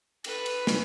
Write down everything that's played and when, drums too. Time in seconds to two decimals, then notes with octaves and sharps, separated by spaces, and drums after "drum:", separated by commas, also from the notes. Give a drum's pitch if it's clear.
0.24 A4 B4, drum: cymbal
0.46 drum: cymbal
0.67 drum: snare